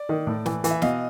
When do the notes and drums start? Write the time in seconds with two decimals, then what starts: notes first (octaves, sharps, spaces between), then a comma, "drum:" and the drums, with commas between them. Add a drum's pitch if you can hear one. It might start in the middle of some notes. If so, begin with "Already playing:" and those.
Already playing: D5
0.09 D#3
0.27 A2
0.46 E3, drum: snare
0.64 E3, drum: hi-hat
0.71 E5
0.82 B2 D#5 F5, drum: snare